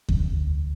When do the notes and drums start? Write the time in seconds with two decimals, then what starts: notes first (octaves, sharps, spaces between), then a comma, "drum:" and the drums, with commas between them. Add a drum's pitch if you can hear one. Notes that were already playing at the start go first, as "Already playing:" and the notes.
0.09 D2, drum: kick E2